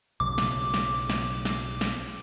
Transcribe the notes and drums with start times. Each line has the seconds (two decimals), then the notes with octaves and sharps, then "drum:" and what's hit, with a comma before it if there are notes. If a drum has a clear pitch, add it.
0.20 B1 C#3 F#3 D6
0.38 drum: snare
0.74 drum: snare
1.10 drum: snare
1.45 drum: snare
1.81 drum: snare